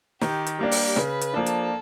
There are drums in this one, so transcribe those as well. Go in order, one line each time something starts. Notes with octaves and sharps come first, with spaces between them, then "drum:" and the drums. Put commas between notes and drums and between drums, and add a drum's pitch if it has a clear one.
D#3 G4, drum: snare
drum: hi-hat
G3 A#3 D4 G4
drum: open hi-hat
C#3 B4, drum: snare
drum: hi-hat
F3 A#3 D4 A4
drum: hi-hat